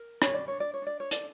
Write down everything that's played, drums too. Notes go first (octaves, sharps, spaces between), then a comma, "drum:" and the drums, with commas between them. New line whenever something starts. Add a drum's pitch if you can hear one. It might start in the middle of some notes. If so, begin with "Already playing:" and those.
Already playing: A#4
F#4 C#5, drum: rim click
D5
D4 C#5
D5
C#5
D4 D5
C#5
A4 D5, drum: hi-hat